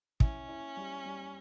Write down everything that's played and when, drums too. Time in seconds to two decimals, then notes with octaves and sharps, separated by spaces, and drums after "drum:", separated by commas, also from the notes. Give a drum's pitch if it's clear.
0.20 C#4 E4, drum: kick
0.48 E4
0.77 G3
1.06 G3